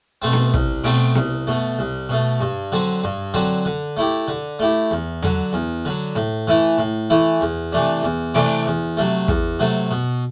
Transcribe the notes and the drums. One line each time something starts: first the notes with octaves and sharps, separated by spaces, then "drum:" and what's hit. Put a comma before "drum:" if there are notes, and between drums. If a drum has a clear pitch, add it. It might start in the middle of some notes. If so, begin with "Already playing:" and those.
B2 A3 C4
drum: snare B3
C2, drum: kick
B2 A3 C4, drum: open hi-hat
C2, drum: snare B3
B2 A3
C2
B2 A3
G2
D3 F#3 C4
G2
D3 F#3 C4, drum: hi-hat
D3
A3 E4 G4
D3
A3 E4 G4
E2
D3 F#3, drum: tom E2
E2
D3 F#3
A2, drum: hi-hat
E3 A3 E4
A2
E3 A3 E4
E2
C3 E3 A3 D4
E2
C3 E3 A3 D4, drum: open hi-hat
E2
C3 F#3 A3
E2, drum: kick
C3 F#3 A3
B2